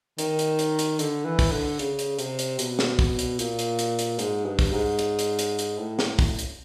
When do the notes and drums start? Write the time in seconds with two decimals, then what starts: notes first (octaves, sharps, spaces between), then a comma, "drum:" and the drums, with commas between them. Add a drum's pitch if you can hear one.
0.19 D#3, drum: hi-hat
0.39 drum: hi-hat
0.59 drum: hi-hat
0.79 drum: hi-hat
0.99 D3, drum: hi-hat
1.25 E3
1.39 drum: kick, open hi-hat
1.52 D3
1.79 C#3, drum: hi-hat
1.99 drum: hi-hat
2.19 C3, drum: hi-hat
2.39 drum: hi-hat
2.59 B2, drum: hi-hat
2.79 drum: snare
2.99 drum: kick, open hi-hat
3.19 drum: hi-hat
3.39 A#2, drum: hi-hat
3.59 drum: hi-hat
3.79 drum: hi-hat
3.99 drum: hi-hat
4.19 G#2, drum: hi-hat
4.46 G2
4.59 drum: kick, open hi-hat
4.72 G#2
4.99 drum: hi-hat
5.19 drum: hi-hat
5.39 drum: hi-hat
5.59 drum: hi-hat
5.79 A2
5.99 drum: snare
6.19 drum: kick, open hi-hat
6.39 drum: hi-hat